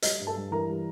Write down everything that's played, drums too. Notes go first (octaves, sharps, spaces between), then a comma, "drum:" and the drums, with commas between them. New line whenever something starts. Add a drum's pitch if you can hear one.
G3 D#5, drum: hi-hat
G2
A4 A5
G2
E3 A#4 A#5
G3